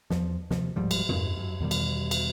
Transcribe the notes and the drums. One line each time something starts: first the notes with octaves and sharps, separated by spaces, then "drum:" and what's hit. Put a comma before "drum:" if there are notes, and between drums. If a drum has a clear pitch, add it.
E2 F3, drum: snare
D#2 C3 F3, drum: snare
D1 G#2 F3 G3
drum: cymbal
F2 G#2, drum: tom
F#2
E2 B2 D#3 G3
drum: cymbal
drum: cymbal